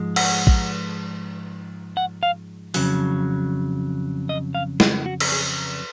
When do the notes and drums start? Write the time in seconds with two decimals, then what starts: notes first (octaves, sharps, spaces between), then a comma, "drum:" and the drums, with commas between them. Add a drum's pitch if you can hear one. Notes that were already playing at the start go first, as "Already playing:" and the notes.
Already playing: G#2 F3 G#3
0.16 F#5, drum: cymbal
0.47 drum: kick A1
1.97 F#5
2.23 F5
2.74 F2 C#3 F#3, drum: open hi-hat
4.29 D#5
4.55 F5
4.80 G#4, drum: snare
5.06 F#4
5.20 drum: cymbal
5.32 G#4